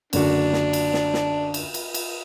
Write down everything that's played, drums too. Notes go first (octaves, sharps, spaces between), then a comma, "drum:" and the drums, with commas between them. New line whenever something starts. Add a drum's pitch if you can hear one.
F#1 D3 D4 F#4, drum: cymbal
drum: snare
drum: cymbal
drum: snare
drum: snare
drum: cymbal
drum: cymbal
drum: cymbal